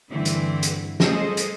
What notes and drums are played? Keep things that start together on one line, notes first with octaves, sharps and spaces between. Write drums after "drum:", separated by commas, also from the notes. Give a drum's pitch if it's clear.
G2 D3 E3 A3 C4 E4
drum: hi-hat
drum: hi-hat
G3 A3 G#4 A4 C5 D#5, drum: snare
drum: hi-hat